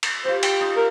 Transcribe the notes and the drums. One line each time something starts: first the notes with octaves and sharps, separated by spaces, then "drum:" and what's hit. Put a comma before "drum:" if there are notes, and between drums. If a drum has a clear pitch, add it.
drum: cymbal
F4 G4 C5
G5, drum: cymbal
D#4 F4
A#4